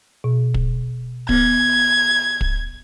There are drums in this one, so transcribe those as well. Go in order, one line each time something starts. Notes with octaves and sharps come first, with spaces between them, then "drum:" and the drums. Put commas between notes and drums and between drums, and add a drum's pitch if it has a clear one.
B2
drum: kick
B3 G#6, drum: kick
drum: kick